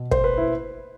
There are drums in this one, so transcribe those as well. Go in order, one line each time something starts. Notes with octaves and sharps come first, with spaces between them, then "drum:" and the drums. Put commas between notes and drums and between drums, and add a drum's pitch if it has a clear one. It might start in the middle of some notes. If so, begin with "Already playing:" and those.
Already playing: B2
C5, drum: kick
B4
E4